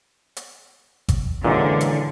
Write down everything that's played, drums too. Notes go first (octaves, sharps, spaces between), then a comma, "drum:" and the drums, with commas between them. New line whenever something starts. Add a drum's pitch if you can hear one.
drum: hi-hat
drum: kick G#1, hi-hat
F#2 A#2 D3 E3 G#3
drum: hi-hat